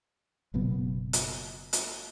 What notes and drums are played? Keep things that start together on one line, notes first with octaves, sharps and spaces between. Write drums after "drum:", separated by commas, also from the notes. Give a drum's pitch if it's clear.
F#1 F#2 B2 B3
drum: hi-hat
drum: hi-hat